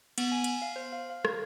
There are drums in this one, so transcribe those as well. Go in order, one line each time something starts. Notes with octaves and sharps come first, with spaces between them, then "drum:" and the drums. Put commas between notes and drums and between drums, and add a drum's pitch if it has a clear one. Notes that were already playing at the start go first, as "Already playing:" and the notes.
B3, drum: cymbal
G#5
drum: cymbal
F5
C5
F5
F5
G#6, drum: rim click